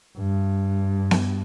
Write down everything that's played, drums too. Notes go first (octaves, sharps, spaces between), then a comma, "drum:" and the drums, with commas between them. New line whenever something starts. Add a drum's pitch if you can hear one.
G2
drum: snare B3